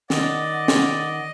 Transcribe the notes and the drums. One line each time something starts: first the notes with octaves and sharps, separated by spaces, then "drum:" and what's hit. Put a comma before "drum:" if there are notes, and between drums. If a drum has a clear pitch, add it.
D#3 D5 D#5 F#5, drum: snare
drum: snare